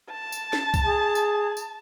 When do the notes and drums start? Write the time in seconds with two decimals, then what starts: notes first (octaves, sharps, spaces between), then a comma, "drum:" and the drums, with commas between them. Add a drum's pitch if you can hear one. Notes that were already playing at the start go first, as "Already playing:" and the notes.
0.12 A5
0.32 drum: tambourine
0.53 drum: snare
0.74 drum: kick B1, tambourine
0.84 G#4
1.15 drum: tambourine
1.57 drum: tambourine